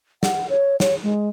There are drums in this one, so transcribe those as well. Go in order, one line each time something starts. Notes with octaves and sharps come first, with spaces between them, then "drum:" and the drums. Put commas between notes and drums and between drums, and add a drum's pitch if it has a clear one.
F#5, drum: snare
C#5
C#5, drum: snare
G#3